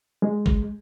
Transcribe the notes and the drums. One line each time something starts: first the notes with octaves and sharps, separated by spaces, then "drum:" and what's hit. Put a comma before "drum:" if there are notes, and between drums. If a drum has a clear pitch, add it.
G#3
drum: kick